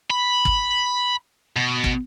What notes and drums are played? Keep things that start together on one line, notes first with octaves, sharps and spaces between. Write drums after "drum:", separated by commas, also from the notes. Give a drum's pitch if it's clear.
B5
drum: kick
B2
drum: kick